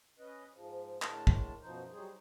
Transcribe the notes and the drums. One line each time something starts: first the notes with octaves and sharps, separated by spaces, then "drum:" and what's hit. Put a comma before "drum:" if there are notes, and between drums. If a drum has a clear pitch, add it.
C#4 B4 D#5
G#2 F3
A2 D3 G#3 A#4 A5, drum: clap
drum: kick
F#2 B2 F3 D#4 C5
F#3 G3 D#4 G#4 C5